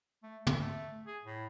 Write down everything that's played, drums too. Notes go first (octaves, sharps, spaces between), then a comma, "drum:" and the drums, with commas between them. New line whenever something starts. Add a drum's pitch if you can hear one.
A3
A4, drum: tom
A3
G#4
A2